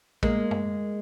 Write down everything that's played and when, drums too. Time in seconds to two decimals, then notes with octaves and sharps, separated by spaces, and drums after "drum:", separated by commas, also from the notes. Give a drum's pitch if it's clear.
0.23 G#3 A#3, drum: kick
0.51 drum: tom